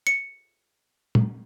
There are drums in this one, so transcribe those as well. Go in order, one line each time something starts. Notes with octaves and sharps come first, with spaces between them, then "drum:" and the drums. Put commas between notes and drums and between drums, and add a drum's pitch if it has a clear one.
C#7
drum: tom